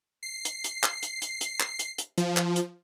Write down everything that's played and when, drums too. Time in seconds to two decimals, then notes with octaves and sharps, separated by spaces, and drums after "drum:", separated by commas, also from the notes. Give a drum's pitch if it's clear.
0.23 C7
0.45 drum: hi-hat
0.64 drum: hi-hat
0.83 drum: clap
1.03 drum: hi-hat
1.22 drum: hi-hat
1.41 drum: hi-hat
1.60 drum: clap
1.79 drum: hi-hat
1.98 drum: hi-hat
2.18 F3, drum: hi-hat
2.37 drum: clap
2.56 drum: hi-hat